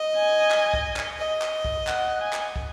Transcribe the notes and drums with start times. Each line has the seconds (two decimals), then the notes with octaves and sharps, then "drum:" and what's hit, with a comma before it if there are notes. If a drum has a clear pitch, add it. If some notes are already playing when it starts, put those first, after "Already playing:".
Already playing: D#5
0.17 G#5
0.51 drum: clap
0.74 drum: kick
0.96 drum: clap
1.19 D#5
1.42 drum: clap
1.65 drum: kick
1.87 F#5, drum: clap
2.22 G#5
2.33 drum: clap
2.56 drum: kick